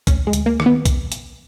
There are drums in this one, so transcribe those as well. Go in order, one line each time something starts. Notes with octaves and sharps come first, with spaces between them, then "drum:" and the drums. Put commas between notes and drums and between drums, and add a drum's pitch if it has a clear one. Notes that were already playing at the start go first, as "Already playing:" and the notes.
D2 C#4, drum: kick B1, hi-hat
G#3
D2, drum: hi-hat
A#3
D#3, drum: rim click
B3
drum: kick B1, hi-hat
drum: hi-hat